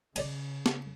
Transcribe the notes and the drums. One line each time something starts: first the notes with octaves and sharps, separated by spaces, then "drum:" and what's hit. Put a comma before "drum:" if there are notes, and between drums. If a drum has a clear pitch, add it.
C#3 D5 D#5 G#5, drum: cymbal
drum: snare